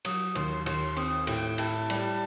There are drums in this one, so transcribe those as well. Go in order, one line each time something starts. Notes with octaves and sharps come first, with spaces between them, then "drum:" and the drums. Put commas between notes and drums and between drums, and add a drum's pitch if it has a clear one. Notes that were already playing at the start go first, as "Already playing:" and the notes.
F#3 D#6, drum: cymbal
D#2 C6, drum: cymbal
D#2 C6, drum: cymbal
C4 D#6, drum: cymbal
A2 G5, drum: cymbal
E4 A5, drum: cymbal
G3, drum: cymbal